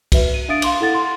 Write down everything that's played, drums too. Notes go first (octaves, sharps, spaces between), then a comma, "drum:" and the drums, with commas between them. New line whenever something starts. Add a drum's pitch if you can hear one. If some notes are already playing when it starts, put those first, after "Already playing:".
F#4 B4 E5, drum: kick, cymbal
D#7
D4 E5 F5 D#6 A6 D7
F5 C6 D6, drum: cymbal
E4 A4 F#5 A6
C6